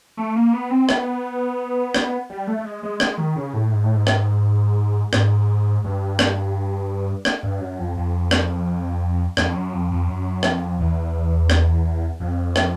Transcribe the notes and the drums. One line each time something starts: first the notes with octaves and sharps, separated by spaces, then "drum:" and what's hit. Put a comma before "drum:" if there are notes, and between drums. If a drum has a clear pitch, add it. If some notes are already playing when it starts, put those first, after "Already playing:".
A3
A#3
B3
C4
B3, drum: rim click
drum: rim click
G3
A3
A3
G#3
G#3
G#3, drum: rim click
D#3
C#3
A2
G#2
A2
G#2
drum: rim click
G#2, drum: rim click
G2
drum: rim click
drum: rim click
G2
F#2
F2
F2
drum: rim click
F2, drum: rim click
F#2
F2
F2
F#2
F2, drum: rim click
E2
drum: rim click
F2
drum: rim click